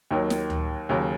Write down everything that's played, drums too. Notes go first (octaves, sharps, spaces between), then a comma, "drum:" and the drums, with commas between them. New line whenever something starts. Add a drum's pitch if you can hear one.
D#2 D#3 F#3
drum: snare
drum: tom D2
D#2 C#3 F#3